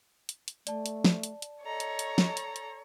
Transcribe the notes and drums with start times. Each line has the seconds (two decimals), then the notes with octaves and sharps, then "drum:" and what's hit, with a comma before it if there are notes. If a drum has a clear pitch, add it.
0.29 drum: hi-hat
0.48 drum: hi-hat
0.67 A3 D5 A5, drum: hi-hat
0.86 drum: hi-hat
1.05 drum: snare
1.23 drum: hi-hat
1.42 drum: hi-hat
1.64 A4 C#5 D#5 A#5
1.80 drum: hi-hat
1.99 drum: hi-hat
2.18 drum: snare
2.37 drum: hi-hat
2.56 drum: hi-hat